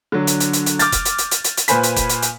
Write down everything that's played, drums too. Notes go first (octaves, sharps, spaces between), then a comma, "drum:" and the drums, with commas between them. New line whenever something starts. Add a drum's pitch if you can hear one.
D3 F#3
drum: hi-hat
drum: hi-hat
drum: hi-hat
drum: hi-hat
D6 F6 G6 A6, drum: hi-hat
drum: kick F1, hi-hat
drum: hi-hat
drum: hi-hat
drum: hi-hat
drum: hi-hat
drum: hi-hat
A#2 B4 C5 G#5 B5 B6, drum: hi-hat
drum: hi-hat
drum: kick F1, hi-hat
drum: hi-hat
drum: hi-hat